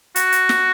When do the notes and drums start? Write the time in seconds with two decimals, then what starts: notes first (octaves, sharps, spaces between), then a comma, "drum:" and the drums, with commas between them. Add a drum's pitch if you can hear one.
0.16 F#4, drum: hi-hat
0.32 drum: hi-hat
0.49 drum: snare